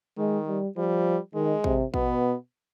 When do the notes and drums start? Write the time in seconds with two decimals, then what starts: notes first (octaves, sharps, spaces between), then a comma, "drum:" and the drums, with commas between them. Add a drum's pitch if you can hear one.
0.18 D#3 G#3
0.48 G3
0.77 F3 G3
1.35 D#3 G#3
1.64 C3, drum: kick A1
1.94 B2 B3, drum: kick A1